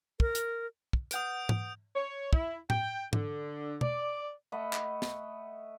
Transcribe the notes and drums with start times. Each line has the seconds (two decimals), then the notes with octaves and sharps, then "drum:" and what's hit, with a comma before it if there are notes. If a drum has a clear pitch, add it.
0.20 A#4, drum: kick
0.35 drum: hi-hat
0.93 drum: kick
1.11 B4 F#5 D#6 G6 D7, drum: hi-hat
1.49 drum: tom G#2
1.95 C#5
2.33 E4, drum: kick
2.70 G5, drum: tom
3.13 D3, drum: tom G#2
3.81 D5, drum: tom B2
4.52 A3 D#5 F#5 B5
4.73 drum: clap
5.02 drum: snare